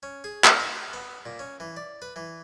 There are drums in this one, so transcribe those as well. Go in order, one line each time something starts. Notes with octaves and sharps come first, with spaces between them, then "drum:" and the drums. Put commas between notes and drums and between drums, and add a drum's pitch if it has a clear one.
C#4
G#4
drum: clap
D#5
B3
A#2
C#4
E3
D5
B4
E3